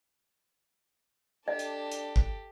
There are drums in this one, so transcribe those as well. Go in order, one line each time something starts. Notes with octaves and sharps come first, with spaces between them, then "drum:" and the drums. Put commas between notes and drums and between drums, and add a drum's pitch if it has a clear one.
D4 G4 A4 D#5
drum: hi-hat
drum: hi-hat
drum: kick